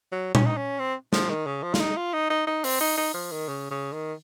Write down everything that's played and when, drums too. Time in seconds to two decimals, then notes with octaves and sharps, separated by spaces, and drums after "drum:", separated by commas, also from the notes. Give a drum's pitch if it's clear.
0.12 F#3
0.35 C#4, drum: tom A#2
0.46 D#4
0.57 C#4
0.79 C4
1.13 F3, drum: snare
1.30 D#3
1.46 C#3
1.63 F3
1.74 F4, drum: snare
1.80 D#4
1.97 F4
2.13 D#4
2.30 D#4
2.47 D#4
2.64 C4, drum: open hi-hat
2.81 D#4
2.97 D#4
3.14 F3
3.31 D#3
3.48 C#3
3.71 C#3
3.93 D#3